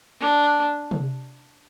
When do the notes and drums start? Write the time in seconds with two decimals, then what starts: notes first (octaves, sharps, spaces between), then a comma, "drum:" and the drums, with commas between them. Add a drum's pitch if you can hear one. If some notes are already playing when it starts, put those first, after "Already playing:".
0.20 D4
0.91 drum: tom C3